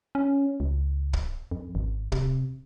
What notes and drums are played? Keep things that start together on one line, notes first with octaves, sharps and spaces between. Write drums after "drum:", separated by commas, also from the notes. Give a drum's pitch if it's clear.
C#4
C#2
drum: kick
F2
G#1
C3, drum: kick